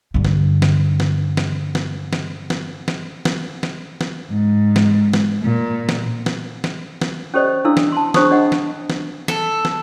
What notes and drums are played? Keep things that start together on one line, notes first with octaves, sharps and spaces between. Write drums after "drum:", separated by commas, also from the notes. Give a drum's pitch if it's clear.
G2 D3
drum: snare
drum: snare
drum: snare
drum: snare
drum: snare
drum: snare
drum: snare
drum: snare
drum: snare
drum: snare
drum: snare
G#2
drum: snare
drum: snare
A#2
drum: snare
drum: snare
drum: snare
drum: snare
C#4 G4 A4 C5 D5 D#5
D4 E4 A4 F5 E6
drum: snare
A5 C6
D4 G#4 C5 B5 C#6 D#6, drum: snare
D4 D#5 F#5
drum: snare
drum: snare
A4, drum: snare
drum: snare